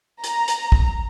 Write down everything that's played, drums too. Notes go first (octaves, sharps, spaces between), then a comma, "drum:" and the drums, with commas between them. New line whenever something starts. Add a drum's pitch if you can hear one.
A#5, drum: hi-hat
drum: hi-hat
drum: kick